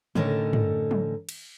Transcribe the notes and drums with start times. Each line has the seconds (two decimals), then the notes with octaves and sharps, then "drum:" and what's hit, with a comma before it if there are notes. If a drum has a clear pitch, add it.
0.15 A2 D3 C#4 D#4 A4 A#4, drum: tom
0.53 drum: tom
0.91 drum: tom
1.29 drum: cymbal